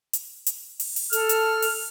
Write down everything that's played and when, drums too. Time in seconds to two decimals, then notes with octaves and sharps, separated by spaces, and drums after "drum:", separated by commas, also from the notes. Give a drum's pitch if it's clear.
0.13 drum: hi-hat
0.46 drum: hi-hat
0.80 drum: open hi-hat
0.96 drum: open hi-hat
1.13 A4 F6, drum: hi-hat
1.29 drum: hi-hat
1.62 drum: open hi-hat